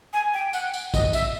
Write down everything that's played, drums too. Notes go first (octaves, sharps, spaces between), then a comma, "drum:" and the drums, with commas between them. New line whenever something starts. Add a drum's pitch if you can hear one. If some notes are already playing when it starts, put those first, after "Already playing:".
G#5
G5
F#5, drum: tambourine
drum: tambourine
D#5, drum: kick, tambourine
E5, drum: tambourine